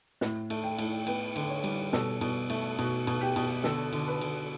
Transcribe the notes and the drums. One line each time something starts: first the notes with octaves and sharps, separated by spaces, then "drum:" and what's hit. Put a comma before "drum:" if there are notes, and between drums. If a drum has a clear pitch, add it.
A2, drum: snare
A3, drum: cymbal
G5
A2, drum: cymbal
B3 G5, drum: cymbal
D3, drum: cymbal
C#5
G3, drum: cymbal
B2 A4, drum: snare
B2, drum: cymbal
A3, drum: cymbal
B2 F#4, drum: cymbal
B2, drum: cymbal
G4
B2, drum: cymbal
D3 A4, drum: snare
D3, drum: cymbal
B4
D3, drum: cymbal